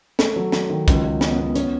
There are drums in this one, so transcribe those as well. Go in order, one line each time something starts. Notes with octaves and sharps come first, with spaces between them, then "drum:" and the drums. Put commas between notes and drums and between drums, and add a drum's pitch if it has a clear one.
A3, drum: snare
F#3
F#3, drum: snare
D#3
C#2, drum: kick, hi-hat
C#2
B3, drum: snare
B3
C#4, drum: hi-hat